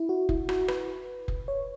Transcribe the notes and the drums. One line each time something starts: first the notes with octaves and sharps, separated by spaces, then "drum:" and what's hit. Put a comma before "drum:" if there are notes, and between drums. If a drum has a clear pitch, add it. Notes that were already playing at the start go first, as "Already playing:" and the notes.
Already playing: E4
F#4
E4, drum: kick F1
F#4, drum: rim click
B4, drum: rim click
drum: kick F1
C#5